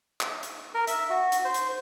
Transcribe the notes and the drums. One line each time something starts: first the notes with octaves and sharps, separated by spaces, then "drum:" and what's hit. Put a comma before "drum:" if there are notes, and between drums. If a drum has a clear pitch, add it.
drum: clap
drum: hi-hat
A#4
E5, drum: hi-hat
F#4
drum: hi-hat
C5
drum: hi-hat